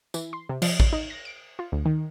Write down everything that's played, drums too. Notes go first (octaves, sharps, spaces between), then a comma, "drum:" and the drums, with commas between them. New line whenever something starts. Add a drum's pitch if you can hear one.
E3, drum: tambourine
C6
C3
F3, drum: cymbal
drum: kick A1
D#4
A#6
D7
F4
D2
D#3